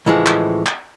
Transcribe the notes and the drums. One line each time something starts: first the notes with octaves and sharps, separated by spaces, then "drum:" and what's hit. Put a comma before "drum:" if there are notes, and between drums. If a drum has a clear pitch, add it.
C#2 A2 E3 F3 G#3
drum: clap
drum: clap